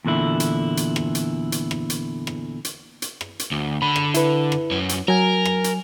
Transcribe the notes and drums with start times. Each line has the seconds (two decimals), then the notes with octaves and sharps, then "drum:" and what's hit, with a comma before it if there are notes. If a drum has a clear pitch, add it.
0.05 E2 A#2 D3 E4
0.40 drum: hi-hat
0.77 drum: hi-hat
0.96 drum: rim click
1.15 drum: hi-hat
1.52 drum: hi-hat
1.71 drum: rim click
1.90 drum: hi-hat
2.27 drum: rim click
2.65 drum: hi-hat
3.02 drum: hi-hat
3.21 drum: rim click
3.39 drum: hi-hat
3.52 D2
3.82 D3 B5
3.96 drum: rim click
4.14 E4 B4, drum: hi-hat
4.52 drum: rim click
4.71 F#2 C#5
4.89 drum: hi-hat
5.08 F#3 A#4 G#5
5.45 drum: rim click
5.64 drum: hi-hat